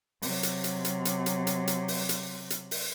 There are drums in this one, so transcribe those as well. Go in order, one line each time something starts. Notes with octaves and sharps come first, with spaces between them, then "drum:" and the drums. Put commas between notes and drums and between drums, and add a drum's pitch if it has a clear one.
C3 F#3, drum: open hi-hat
drum: hi-hat
drum: hi-hat
drum: hi-hat
drum: hi-hat
drum: hi-hat
drum: hi-hat
drum: hi-hat
drum: open hi-hat
drum: hi-hat
drum: hi-hat
drum: open hi-hat